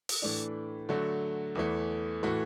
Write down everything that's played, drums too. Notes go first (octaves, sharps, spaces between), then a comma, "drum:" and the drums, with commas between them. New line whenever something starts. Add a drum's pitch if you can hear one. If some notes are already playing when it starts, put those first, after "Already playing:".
drum: open hi-hat
A2 E3 A3 D4
D3 F#3 A3 F#4
E2 E3 A3
A2 E3 A3 F#4